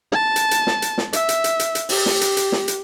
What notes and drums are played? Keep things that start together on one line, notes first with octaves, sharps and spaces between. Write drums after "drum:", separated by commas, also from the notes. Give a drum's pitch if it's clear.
A5
drum: hi-hat
drum: hi-hat
drum: snare
drum: hi-hat
drum: snare
E5, drum: hi-hat
drum: hi-hat
drum: hi-hat
drum: hi-hat
drum: hi-hat
G4, drum: open hi-hat
drum: snare
drum: hi-hat
drum: hi-hat
drum: snare
drum: hi-hat